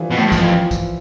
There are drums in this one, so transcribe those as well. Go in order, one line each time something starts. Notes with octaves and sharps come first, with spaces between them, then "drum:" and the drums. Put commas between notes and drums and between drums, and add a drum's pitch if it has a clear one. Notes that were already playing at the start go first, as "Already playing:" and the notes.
Already playing: D3 E3 F3 G3
B2
A2
G2
F2 E3, drum: kick, tambourine
F3
drum: kick, tambourine